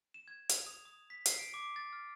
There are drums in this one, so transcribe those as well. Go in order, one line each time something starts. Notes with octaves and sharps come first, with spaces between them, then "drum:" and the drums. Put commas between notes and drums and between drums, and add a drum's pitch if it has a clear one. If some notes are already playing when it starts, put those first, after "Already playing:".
E7
G#6
F7, drum: hi-hat
D#6
D#6
B6
C7, drum: hi-hat
D7
D6
A6
F6